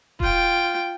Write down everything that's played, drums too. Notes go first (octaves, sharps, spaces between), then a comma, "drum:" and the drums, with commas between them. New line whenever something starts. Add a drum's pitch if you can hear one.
F4 G5, drum: kick D#1